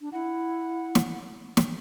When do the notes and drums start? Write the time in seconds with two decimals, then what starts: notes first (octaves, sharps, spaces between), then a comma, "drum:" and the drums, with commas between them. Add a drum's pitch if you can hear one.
0.01 D4
0.13 E4 F#5
0.95 drum: snare
1.57 drum: snare